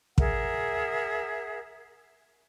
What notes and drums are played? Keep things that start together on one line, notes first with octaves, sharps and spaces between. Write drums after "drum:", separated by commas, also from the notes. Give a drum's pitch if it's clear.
G#4 A#4 E5 F#5, drum: kick